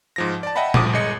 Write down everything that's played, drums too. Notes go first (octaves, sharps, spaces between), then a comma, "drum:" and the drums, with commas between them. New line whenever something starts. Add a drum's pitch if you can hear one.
G#2 F3 A#6
D5 A5
D#5 E5 F#5 G5 A5 B5
D2 G2 F3 D6 D#6, drum: tom A#2
G1 G#3 D#5 C#7